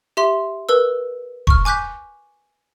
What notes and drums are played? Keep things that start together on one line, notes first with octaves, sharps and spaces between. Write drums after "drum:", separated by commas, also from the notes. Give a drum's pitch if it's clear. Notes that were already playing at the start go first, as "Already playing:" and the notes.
G4 E5 C6
A#4 B4 E6
C#6 F6, drum: kick E1
G#5 D6 F#6 G6 B6